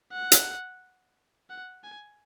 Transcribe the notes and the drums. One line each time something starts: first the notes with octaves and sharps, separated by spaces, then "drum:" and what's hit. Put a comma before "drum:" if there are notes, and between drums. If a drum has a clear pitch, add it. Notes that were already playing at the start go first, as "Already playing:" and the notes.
F#5
drum: hi-hat
F#5
G#5